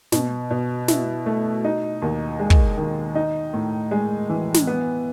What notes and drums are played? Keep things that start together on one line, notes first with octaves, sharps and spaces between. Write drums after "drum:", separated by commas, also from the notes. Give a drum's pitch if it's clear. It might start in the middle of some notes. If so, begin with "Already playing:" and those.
B2, drum: snare
B2
E4, drum: snare
A3
D#4
D#2
G#3
drum: kick
D#3
D#4
A2
G#3
E3
drum: snare
B3